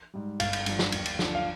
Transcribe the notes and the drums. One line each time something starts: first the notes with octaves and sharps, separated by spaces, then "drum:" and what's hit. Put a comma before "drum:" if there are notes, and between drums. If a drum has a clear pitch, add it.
G#2 G3
G1 F5, drum: cymbal
drum: cymbal
G2 F3, drum: cymbal
drum: snare
D#2, drum: cymbal
drum: cymbal
D3 F3, drum: snare
F5